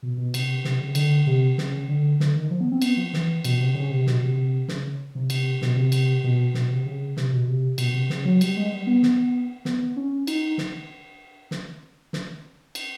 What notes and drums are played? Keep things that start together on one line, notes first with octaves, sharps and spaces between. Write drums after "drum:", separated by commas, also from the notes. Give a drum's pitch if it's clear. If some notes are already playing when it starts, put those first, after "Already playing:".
B2
B2
C3, drum: cymbal
C3, drum: snare
C#3
D3, drum: cymbal
C3
C#3, drum: snare
D3
D3, drum: snare
D#3
F3
B3
C4
B3, drum: cymbal
F3
E3, drum: snare
B2, drum: cymbal
C3
C#3
C3
B2, drum: snare
C3
C3
C#3, drum: snare
C3
C3, drum: cymbal
B2, drum: snare
C3
C3, drum: cymbal
B2
B2, drum: snare
C3
C#3
C3, drum: snare
B2
C3
B2, drum: cymbal
C3
C#3, drum: snare
F#3
G3, drum: cymbal
G#3
G3
B3
drum: snare
B3, drum: snare
C#4
D#4, drum: cymbal
drum: snare
drum: snare
drum: snare
drum: cymbal